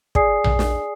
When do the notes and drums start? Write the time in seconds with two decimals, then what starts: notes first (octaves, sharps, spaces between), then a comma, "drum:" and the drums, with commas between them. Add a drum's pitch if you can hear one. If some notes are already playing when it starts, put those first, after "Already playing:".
0.15 G#4 D5 G#5 D#6 C7, drum: kick
0.44 drum: tom A#1
0.59 drum: snare